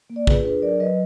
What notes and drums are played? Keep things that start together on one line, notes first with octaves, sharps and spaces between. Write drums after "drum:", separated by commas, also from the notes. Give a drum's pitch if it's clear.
A#3
D5
F4 G#4 B4, drum: kick
D4 G#4 B4
F#3 A#4 D5
F#3 B4 D#5